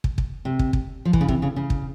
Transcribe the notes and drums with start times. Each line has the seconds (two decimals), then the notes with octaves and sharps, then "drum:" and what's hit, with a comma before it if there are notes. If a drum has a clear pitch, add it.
0.04 drum: kick
0.18 drum: kick
0.45 C3
0.59 drum: kick
0.73 drum: kick
1.05 F3
1.13 E3, drum: kick
1.21 C#3
1.28 C3, drum: kick
1.42 C#3
1.56 C#3
1.70 drum: kick